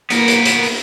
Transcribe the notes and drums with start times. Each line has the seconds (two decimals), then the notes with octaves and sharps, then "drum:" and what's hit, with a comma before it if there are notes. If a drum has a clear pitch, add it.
0.10 A#3 B3 A#4 B4, drum: hi-hat
0.28 drum: hi-hat
0.45 drum: hi-hat
0.63 drum: open hi-hat